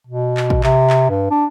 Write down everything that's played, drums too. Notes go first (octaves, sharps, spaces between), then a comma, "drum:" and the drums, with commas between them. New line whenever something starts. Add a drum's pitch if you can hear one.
B2
drum: clap
drum: kick A1
C3, drum: clap
drum: clap
G2
D4